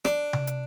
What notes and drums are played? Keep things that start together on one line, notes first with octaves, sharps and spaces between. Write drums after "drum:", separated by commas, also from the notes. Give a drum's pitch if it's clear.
D4, drum: rim click
drum: tom C3
drum: hi-hat